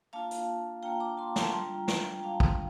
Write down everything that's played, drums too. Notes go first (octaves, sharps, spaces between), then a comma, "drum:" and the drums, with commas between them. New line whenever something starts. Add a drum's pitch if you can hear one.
A#3 D4 F4 F5 A5
drum: hi-hat
A#3 D4 F4 G5 A#5
A#5 D6
A5 C6
A5 C6, drum: snare
G3 D4 F4 G5 A#5
drum: snare
G5
G3 D4 F4 F5 A5
drum: kick